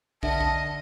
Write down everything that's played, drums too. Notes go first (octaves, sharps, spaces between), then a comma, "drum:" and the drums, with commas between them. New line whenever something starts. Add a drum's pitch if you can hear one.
D3 A#4 D#5 E5 F#5 A5, drum: kick
drum: kick